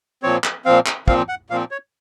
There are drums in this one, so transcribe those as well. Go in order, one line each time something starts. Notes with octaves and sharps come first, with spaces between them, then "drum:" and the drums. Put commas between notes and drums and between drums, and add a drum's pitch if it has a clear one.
A#2 F3 C4 C#5
drum: clap
A#2 F3 C4 F5
drum: clap
A#2 F3 C4 F5, drum: kick
F#5
A#2 F3 C4 F5
C#5